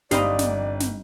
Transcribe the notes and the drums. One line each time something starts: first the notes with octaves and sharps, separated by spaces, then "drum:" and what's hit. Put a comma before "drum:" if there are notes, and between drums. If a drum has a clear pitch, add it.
G1 C4 D#4 G4 D5 D#5 F5 B5, drum: snare
drum: snare
drum: snare